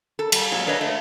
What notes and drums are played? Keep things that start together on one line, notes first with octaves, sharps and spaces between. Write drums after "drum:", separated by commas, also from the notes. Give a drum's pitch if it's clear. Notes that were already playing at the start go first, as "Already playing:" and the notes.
A4
G3, drum: cymbal
A#2 F#3 G#3
D4 B4 C#5 D#5
A3